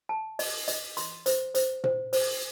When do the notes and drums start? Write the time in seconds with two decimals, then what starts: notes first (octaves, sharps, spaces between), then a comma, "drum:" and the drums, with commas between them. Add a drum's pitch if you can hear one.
0.09 A5
0.39 D#5, drum: open hi-hat
0.68 D#5, drum: hi-hat
0.97 C6, drum: hi-hat
1.26 C5, drum: hi-hat
1.55 C5, drum: hi-hat
1.84 C5, drum: tom A#2
2.13 C5, drum: open hi-hat